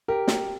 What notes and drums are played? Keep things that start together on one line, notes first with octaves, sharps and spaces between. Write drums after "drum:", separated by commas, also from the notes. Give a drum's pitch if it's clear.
G4 A#4
drum: snare